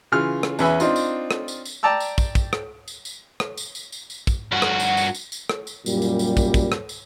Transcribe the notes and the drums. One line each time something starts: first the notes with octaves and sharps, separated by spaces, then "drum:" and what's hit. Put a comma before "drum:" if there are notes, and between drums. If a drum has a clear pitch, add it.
C#3 E3 F4 F6
drum: rim click
E2 C#4 B4 E5 G#5 B5, drum: tambourine
C4 D4 D#4 F4, drum: tambourine
drum: tambourine
drum: rim click
drum: tambourine
drum: tambourine
D5 G5 A5 A#5 D6 E6
drum: tambourine
drum: kick, tambourine
drum: kick, tambourine
drum: rim click
drum: tambourine
drum: tambourine
drum: rim click
drum: tambourine
drum: tambourine
drum: tambourine
drum: tambourine
drum: kick, tambourine
G2 F#4
drum: rim click
drum: tambourine
drum: tambourine
drum: tambourine
drum: tambourine
drum: rim click
drum: tambourine
F#2 A#2 G3, drum: tambourine
drum: tambourine
drum: tambourine
drum: kick, tambourine
drum: kick, tambourine
drum: rim click
drum: tambourine